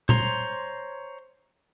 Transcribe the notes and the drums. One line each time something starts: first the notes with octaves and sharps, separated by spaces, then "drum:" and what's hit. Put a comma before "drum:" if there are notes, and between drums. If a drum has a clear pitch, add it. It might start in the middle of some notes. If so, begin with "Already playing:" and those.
C5 C#5 A#5 C6, drum: tom A#2